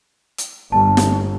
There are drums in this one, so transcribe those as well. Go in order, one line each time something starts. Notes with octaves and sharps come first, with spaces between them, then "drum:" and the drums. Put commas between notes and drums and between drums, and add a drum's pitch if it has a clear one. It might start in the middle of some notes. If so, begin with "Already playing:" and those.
drum: hi-hat
G1 A5
drum: snare